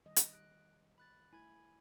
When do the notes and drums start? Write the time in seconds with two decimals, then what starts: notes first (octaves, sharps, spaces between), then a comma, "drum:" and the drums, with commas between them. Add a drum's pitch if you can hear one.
0.05 D#3 G3 D#5
0.16 drum: hi-hat
0.33 F#6 D7
0.98 B5 F#6 A6
1.33 A3 E4 G#5 B5 G#6